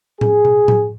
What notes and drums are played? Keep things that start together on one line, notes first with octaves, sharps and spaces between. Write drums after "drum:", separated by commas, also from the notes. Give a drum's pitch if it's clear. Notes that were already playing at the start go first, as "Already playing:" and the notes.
G#4, drum: tom A2
drum: tom B2
drum: tom A2